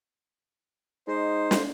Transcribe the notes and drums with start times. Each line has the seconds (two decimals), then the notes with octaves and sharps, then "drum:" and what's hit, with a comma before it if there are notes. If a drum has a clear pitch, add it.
1.08 G#3 D#4 C5
1.51 drum: snare